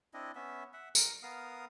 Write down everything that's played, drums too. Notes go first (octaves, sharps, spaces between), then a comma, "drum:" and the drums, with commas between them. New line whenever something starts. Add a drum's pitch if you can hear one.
C4 D4 E4 D#5
B3 C#4 E5
E5 F#5
A#4, drum: tambourine
B3 A#4 F5 D#6